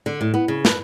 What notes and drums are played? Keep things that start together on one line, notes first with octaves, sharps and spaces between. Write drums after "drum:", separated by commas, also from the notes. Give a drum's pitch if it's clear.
D3
A2
B3
C#3
B4, drum: snare